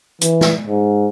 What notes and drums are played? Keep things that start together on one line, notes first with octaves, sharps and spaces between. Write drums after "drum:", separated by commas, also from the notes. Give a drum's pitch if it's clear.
E3, drum: hi-hat
drum: snare
G#2